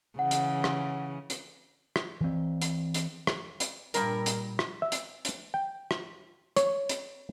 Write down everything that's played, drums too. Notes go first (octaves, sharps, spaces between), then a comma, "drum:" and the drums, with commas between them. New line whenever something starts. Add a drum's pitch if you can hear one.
C#3 E3 F#5
drum: hi-hat
drum: rim click
drum: hi-hat
drum: rim click
E3 C4
drum: hi-hat
drum: hi-hat
drum: rim click
drum: hi-hat
G2 A#2 G3 A#4, drum: hi-hat
drum: hi-hat
drum: rim click
E5
drum: hi-hat
drum: hi-hat
G5
drum: rim click
C#5, drum: hi-hat
drum: hi-hat